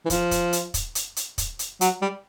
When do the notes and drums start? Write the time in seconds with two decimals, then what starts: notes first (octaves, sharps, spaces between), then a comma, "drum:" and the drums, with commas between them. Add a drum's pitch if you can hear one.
0.05 E3
0.10 F3, drum: kick, hi-hat
0.31 drum: kick, hi-hat
0.53 drum: hi-hat
0.74 drum: kick, hi-hat
0.95 drum: hi-hat
1.16 drum: hi-hat
1.38 drum: kick, hi-hat
1.59 drum: hi-hat
1.81 F#3, drum: hi-hat
2.01 G3